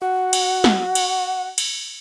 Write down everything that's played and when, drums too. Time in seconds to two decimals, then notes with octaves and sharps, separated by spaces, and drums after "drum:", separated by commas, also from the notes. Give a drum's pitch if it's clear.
0.02 F#4 F#5
0.33 drum: cymbal
0.64 drum: snare
0.95 drum: cymbal
1.58 drum: cymbal